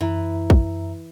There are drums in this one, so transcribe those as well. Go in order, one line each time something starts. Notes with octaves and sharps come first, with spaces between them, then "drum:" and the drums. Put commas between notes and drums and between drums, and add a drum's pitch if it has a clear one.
F#2 E3 E5 A#5
drum: kick